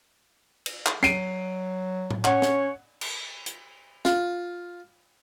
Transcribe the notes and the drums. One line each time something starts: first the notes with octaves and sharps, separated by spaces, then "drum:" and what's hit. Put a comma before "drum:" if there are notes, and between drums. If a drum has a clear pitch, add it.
drum: cymbal
drum: clap
F#3 C7 D7 D#7, drum: snare
drum: tom
C#4 C#5 F#5, drum: clap
drum: snare
drum: cymbal
drum: hi-hat
F4, drum: snare